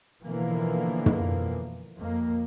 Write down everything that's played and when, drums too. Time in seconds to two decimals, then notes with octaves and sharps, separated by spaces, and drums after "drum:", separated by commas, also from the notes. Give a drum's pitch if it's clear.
0.25 B2 D3 E3 F3 A#3
1.06 drum: tom
1.97 F2 A#3